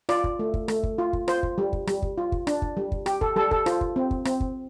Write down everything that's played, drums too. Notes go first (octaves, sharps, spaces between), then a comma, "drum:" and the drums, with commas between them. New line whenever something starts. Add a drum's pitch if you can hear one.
F4 D5, drum: rim click
drum: kick
A3
drum: kick
A3, drum: rim click
drum: kick
F4
drum: kick
F4 C5, drum: rim click
drum: kick
G3
drum: kick
G3, drum: rim click
drum: kick
F4
drum: kick
D4, drum: rim click
drum: kick
G3
drum: kick
G4, drum: rim click
A4, drum: kick
G3 A4
A4, drum: kick
F4 C5, drum: rim click
drum: kick
C4
drum: kick
C4, drum: rim click
drum: kick